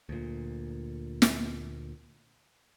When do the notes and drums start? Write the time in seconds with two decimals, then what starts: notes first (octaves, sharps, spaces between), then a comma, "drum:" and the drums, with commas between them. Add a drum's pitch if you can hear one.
0.09 D2 A#2
1.22 drum: snare